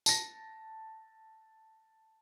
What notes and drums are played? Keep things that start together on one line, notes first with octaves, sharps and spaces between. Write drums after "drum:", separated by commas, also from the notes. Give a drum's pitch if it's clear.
A5 A#6, drum: tambourine